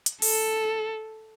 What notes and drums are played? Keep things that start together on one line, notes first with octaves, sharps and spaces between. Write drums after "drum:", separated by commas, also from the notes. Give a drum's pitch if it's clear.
drum: hi-hat
A4, drum: open hi-hat